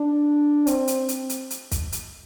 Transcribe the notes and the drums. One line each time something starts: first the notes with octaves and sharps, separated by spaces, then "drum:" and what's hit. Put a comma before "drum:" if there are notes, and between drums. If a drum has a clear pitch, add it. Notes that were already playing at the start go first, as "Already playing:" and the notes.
Already playing: D4
C4, drum: hi-hat
drum: hi-hat
drum: hi-hat
drum: hi-hat
drum: hi-hat
drum: kick, hi-hat
drum: hi-hat